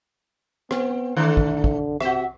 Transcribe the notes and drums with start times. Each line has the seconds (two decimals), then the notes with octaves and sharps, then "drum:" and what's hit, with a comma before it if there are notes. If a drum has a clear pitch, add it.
0.71 B3 C4, drum: rim click
1.17 D3 D#3 A3
1.37 drum: kick
1.64 drum: kick
2.01 C3 F#4 E5, drum: rim click